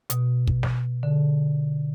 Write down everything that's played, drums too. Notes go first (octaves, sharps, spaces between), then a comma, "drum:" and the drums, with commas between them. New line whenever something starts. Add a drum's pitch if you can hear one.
B2, drum: hi-hat
drum: kick
drum: snare
D3